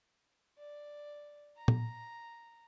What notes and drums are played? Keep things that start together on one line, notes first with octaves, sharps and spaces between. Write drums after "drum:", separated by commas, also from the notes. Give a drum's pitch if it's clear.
D5
A#5
drum: tom A#2